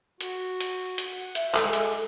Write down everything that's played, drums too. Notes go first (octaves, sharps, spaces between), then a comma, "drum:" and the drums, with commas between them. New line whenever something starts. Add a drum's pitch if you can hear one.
F#4, drum: hi-hat
drum: hi-hat
drum: hi-hat
F#5
E5, drum: hi-hat
G#3 A4, drum: clap
drum: hi-hat